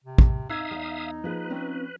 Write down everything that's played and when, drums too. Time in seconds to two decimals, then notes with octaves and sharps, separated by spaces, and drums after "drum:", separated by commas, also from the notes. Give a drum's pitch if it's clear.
0.04 C3
0.18 drum: kick
0.50 D#4 E5 F5 D#6 E6 G#6
0.71 E2 F#5
1.24 F3 A#3 G#4 A#4 B4
1.50 C4 C#4 F4